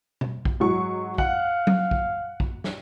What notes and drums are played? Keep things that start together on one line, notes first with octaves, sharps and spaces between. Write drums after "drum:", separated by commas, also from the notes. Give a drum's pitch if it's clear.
drum: tom B2
drum: kick
G#2 F#3 C#6
F5 F#5, drum: kick
drum: tom F#3
drum: kick
drum: kick
drum: snare